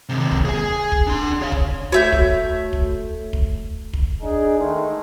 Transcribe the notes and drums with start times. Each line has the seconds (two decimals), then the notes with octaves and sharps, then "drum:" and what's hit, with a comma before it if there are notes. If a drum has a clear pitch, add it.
0.09 D#2 C3
0.31 drum: kick
0.45 G#4 G#5
0.92 drum: kick
1.07 D4 C6
1.42 C#5 F5
1.52 drum: kick
1.92 A3 F#4 C#5 E5 G6
2.12 drum: kick
2.73 drum: kick
3.33 drum: kick
3.93 drum: kick
4.22 D4 D#4 G#4
4.59 D#3 G#3 A3